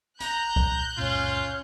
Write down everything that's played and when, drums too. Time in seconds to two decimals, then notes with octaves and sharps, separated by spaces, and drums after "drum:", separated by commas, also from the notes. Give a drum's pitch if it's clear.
0.20 G1 A#5 F#6 G6, drum: hi-hat
0.56 drum: kick C2
0.97 C#2 F#2 A#2 C#4 F4